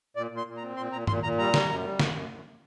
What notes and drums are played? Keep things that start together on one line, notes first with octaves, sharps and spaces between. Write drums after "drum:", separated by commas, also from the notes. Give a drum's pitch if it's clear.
A#2 D5
A#2
C6
A#2
A#5
C4
A#2 C6
A#2 A#5
A#2 C6, drum: tom G2
A#2 A#5
G3 A#5
G3, drum: snare
F#2
G3
F#2, drum: snare
F#2
F#2